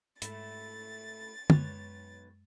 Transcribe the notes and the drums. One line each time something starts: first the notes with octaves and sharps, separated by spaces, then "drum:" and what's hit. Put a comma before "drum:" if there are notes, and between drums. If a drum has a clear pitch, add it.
G#2 A3 E4 A6, drum: hi-hat
B1 F#2 G#3 B4 C#5, drum: tom